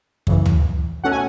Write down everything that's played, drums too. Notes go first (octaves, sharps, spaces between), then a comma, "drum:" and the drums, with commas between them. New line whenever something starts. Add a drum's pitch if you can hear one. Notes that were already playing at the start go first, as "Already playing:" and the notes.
F#2 C#3 E3, drum: kick
drum: tom
B2 A3 C#4 F#5
G#5